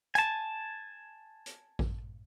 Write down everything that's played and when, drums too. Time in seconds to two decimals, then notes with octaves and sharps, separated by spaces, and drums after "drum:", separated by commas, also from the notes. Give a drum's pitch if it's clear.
0.15 G#5 A5, drum: hi-hat
1.46 drum: hi-hat
1.79 drum: kick A1